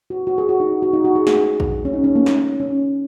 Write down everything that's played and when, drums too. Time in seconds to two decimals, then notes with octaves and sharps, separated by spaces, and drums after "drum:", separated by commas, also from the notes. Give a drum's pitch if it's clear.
0.10 F#4
0.27 F#4
0.38 G#4
0.49 F#4
0.60 D#4
0.82 F#4
0.93 D#4
1.04 F#4
1.15 G#4
1.27 G#4, drum: snare
1.60 drum: kick A#1
1.85 C#4
1.93 D#4
2.04 C#4
2.15 A#3
2.26 drum: snare
2.60 C#4